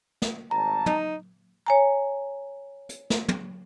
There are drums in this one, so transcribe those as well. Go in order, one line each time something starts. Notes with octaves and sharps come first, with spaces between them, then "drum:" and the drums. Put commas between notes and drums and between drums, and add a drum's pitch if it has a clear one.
drum: snare
G#1 G3 A5 A#5
D#4, drum: tom
C#5 G#5 A#5
drum: hi-hat
drum: snare
drum: tom